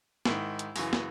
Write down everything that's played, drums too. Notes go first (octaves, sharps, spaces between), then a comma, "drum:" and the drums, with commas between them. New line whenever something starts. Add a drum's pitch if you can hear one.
G#2 D#3 E4, drum: snare
drum: hi-hat
F#2 C#3 E3, drum: open hi-hat
drum: snare